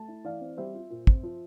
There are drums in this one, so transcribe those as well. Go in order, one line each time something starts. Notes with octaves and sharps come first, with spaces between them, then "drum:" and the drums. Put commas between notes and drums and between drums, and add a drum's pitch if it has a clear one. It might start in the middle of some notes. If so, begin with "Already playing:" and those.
Already playing: A3 A5
E4
E3 D5 F5
C4
G3 C5 E5
F4
A#2
C4, drum: kick
F3